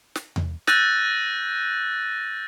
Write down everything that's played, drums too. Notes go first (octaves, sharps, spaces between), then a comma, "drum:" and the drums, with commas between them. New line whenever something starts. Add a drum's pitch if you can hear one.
drum: snare
drum: tom E2
E6 F#6 G6 A6 A#6 D#7, drum: snare